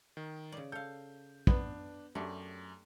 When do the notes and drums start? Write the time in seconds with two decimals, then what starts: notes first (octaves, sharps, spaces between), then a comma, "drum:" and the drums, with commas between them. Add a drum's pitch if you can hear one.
0.17 D#3
0.52 C#3 D5
0.72 A4 F5 G6
1.47 B3 D4, drum: kick
2.15 F#2 A3 D4 G4